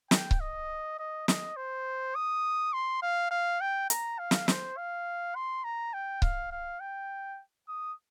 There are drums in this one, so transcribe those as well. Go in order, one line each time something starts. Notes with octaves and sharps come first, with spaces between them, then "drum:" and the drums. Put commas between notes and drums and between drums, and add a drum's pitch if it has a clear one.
G5, drum: snare
drum: kick C#1
D#5
D#5
D#5, drum: snare
C5
D#6
C6
F5
F5
G5
A#5, drum: hi-hat
F5
drum: snare
C5, drum: snare
F5
C6
A#5
G5
F5, drum: kick C#1
F5
G5
D#6